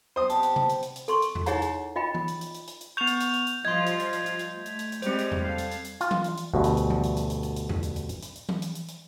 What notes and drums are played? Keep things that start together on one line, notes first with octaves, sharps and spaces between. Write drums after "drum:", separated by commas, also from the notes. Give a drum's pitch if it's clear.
C4 C5 D#6
C3 B3 G4 A5 C6, drum: hi-hat
drum: hi-hat
drum: tom C3
drum: hi-hat
drum: hi-hat
drum: hi-hat
A4 C6 C#6, drum: hi-hat
drum: hi-hat
drum: tom E2
D#4 E4 G#4 C#5 F#5 A#5, drum: hi-hat
drum: hi-hat
F4 D#5 G5 B5
drum: tom E3
drum: hi-hat
drum: hi-hat
drum: hi-hat
drum: hi-hat
drum: hi-hat
B3 C#6 G6 F7
drum: hi-hat
drum: hi-hat
drum: hi-hat
drum: hi-hat
F3 G3 F4 D#5 C6 G#6
drum: hi-hat
drum: hi-hat
drum: hi-hat
drum: hi-hat
drum: hi-hat
A3
drum: hi-hat
drum: hi-hat
drum: hi-hat
G3 G#3 C4 G4 C5, drum: hi-hat
drum: hi-hat
drum: tom E2
A4 F5
drum: hi-hat
drum: hi-hat
drum: hi-hat
F4, drum: hi-hat
drum: tom E3
drum: hi-hat
drum: hi-hat
D2 G2 B2
drum: hi-hat
drum: hi-hat
drum: tom E3
drum: hi-hat
drum: hi-hat
drum: hi-hat
drum: hi-hat
drum: hi-hat
drum: tom E2
drum: hi-hat
drum: hi-hat
drum: hi-hat
drum: hi-hat
drum: hi-hat
drum: tom E3
drum: hi-hat
drum: hi-hat
drum: hi-hat